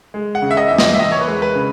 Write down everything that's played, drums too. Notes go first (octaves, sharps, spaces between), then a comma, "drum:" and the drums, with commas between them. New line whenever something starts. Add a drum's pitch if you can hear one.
G#3
F#5
C#3
E5
D#5
E2 E5
D#5, drum: snare
E5
E2 D#5
C#5
B4
G#3
B4
C#3